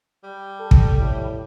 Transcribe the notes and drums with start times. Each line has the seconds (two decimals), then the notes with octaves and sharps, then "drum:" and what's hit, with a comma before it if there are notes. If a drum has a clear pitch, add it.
0.24 G3
0.60 A4
0.71 drum: kick
0.99 A2